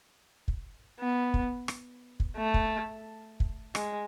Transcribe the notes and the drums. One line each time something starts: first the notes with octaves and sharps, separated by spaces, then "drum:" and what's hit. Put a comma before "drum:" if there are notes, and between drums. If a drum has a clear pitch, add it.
drum: kick
B3
drum: kick
drum: rim click
drum: kick
A3
drum: kick
drum: kick
G#3, drum: rim click